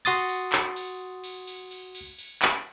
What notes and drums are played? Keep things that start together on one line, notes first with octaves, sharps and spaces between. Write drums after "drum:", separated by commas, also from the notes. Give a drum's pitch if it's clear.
F#4 C6 D#6 A6, drum: cymbal
drum: cymbal
drum: clap
drum: cymbal
drum: cymbal
drum: cymbal
drum: cymbal
drum: cymbal
drum: cymbal
drum: clap